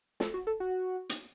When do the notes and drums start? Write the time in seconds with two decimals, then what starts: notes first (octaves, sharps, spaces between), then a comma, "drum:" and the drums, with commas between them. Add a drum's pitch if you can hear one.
0.20 A4, drum: snare
0.34 F#4
0.47 A4
0.60 F#4
1.09 drum: hi-hat